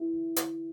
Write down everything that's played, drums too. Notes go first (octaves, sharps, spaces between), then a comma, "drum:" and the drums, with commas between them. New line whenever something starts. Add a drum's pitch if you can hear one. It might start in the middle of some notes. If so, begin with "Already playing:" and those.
Already playing: E4
D3
D3, drum: hi-hat